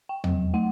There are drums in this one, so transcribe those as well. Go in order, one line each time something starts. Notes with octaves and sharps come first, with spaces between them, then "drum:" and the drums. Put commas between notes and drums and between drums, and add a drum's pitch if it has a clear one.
G5
F#3, drum: tom E2
A3 F#5